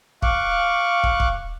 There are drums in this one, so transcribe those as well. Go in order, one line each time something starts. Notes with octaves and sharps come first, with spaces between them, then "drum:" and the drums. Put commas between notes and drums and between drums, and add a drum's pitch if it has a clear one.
F5 C#6 D6 F#6, drum: kick
drum: kick
drum: kick